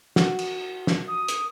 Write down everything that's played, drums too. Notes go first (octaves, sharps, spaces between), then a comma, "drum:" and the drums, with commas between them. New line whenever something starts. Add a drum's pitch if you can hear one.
F#4, drum: snare
drum: cymbal
drum: snare
D#6
drum: hi-hat